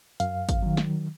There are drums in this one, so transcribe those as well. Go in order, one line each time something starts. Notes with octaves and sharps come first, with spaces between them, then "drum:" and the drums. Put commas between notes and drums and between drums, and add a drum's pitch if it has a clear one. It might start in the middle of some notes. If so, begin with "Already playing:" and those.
F#2 F5, drum: hi-hat
drum: kick, hi-hat
D#3 F#3
drum: snare